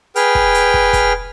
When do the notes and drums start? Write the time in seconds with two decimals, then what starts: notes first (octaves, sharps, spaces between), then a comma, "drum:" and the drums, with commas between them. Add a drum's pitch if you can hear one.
0.16 G#4 B4 G5 F6, drum: hi-hat
0.35 drum: kick
0.54 drum: hi-hat
0.74 drum: kick
0.93 drum: kick, hi-hat